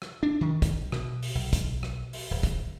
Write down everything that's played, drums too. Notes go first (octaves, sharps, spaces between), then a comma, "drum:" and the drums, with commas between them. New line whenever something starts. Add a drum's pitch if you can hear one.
drum: rim click
D4
D#3
drum: kick, hi-hat
B2, drum: rim click
drum: open hi-hat
B1
drum: kick, hi-hat
drum: rim click
drum: open hi-hat
D1
drum: kick, hi-hat